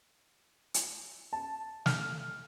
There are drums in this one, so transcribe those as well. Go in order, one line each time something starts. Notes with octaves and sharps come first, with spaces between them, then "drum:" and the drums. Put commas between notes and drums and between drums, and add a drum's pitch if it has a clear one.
drum: hi-hat
A5
F6, drum: snare